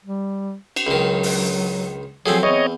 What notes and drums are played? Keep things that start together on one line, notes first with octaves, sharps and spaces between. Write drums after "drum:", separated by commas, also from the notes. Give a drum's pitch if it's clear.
G3
drum: cymbal
C#2 D#3 F#3
drum: open hi-hat
F3 F#3 A3 C4 G#4
E2 C4 C#5 D#5